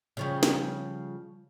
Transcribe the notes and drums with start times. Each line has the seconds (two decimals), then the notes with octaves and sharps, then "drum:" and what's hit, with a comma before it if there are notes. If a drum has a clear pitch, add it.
0.17 C#3 F3 G3
0.43 drum: snare